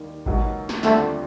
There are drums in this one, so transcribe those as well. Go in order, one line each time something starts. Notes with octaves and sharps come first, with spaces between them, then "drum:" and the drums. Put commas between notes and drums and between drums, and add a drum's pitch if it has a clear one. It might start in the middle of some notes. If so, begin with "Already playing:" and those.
Already playing: D#2 D#3 G3 A#3 D#4
C#2 B2 F#3 A#3 D#4, drum: kick G#1
drum: snare
D#2 D3 G3 A3 C4 F4, drum: snare